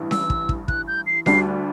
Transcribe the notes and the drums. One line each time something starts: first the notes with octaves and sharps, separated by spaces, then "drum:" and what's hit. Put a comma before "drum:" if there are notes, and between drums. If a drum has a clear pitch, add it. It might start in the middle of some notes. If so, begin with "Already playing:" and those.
Already playing: A1 G2 E3
E6, drum: snare C#4
drum: kick
drum: kick
F#6, drum: kick
G6
C7
D2 D3 G3 D4 C7, drum: snare C#4